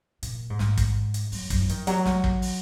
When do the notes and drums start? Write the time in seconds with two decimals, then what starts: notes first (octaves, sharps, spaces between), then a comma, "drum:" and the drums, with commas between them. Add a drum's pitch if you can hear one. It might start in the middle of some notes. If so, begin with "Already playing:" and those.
0.23 A#2, drum: hi-hat
0.50 G#2
0.59 drum: snare
0.77 drum: kick, hi-hat
1.14 drum: hi-hat
1.32 F#2, drum: open hi-hat
1.50 F#2, drum: kick, hi-hat
1.61 F3
1.69 D#3, drum: hi-hat
1.87 F#3, drum: hi-hat
2.05 drum: snare
2.24 drum: kick
2.42 drum: open hi-hat